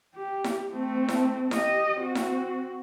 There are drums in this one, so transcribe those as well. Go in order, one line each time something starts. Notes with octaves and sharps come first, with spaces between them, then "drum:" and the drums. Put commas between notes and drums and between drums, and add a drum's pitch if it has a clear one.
G4
drum: snare E4
A3 C4
drum: snare E4
G4 D#5, drum: snare E4
C4 F#4
drum: snare E4